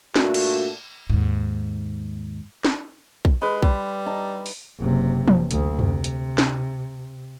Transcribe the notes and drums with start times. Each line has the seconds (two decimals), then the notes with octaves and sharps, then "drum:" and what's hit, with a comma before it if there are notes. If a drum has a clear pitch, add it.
0.16 G2 A#2 A3 D4 F#4, drum: snare
0.34 drum: cymbal
1.10 D#2 G#2
2.65 drum: snare
3.25 drum: kick
3.42 G#3 B4 C6
3.62 G3, drum: kick
4.06 D#4 A5
4.46 drum: open hi-hat
4.79 F#1 C3
5.28 drum: tom E3
5.51 D2, drum: hi-hat
5.79 C3, drum: tom F2
6.04 drum: hi-hat
6.38 drum: snare